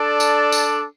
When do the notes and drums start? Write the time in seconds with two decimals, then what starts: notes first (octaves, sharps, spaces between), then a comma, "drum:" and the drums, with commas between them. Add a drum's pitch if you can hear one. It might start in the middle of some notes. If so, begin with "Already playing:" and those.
Already playing: D4 A4 D5
0.20 drum: tambourine
0.52 drum: tambourine